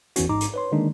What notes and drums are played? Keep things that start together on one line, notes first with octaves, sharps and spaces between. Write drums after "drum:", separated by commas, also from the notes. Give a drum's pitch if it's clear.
G1 E2 E3 B3 C#4 F#4, drum: hi-hat
A1 G#2 D#4 A#5 D6
drum: hi-hat
B4 C#5 C6
D3 D#3 G#3 A#3 D4 D#4